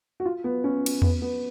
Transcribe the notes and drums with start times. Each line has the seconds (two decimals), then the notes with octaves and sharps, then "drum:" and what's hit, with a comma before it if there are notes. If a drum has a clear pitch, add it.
0.20 F#4
0.25 F4
0.44 B3
0.64 C#4
0.86 drum: cymbal
1.02 B3, drum: tom E2
1.22 B3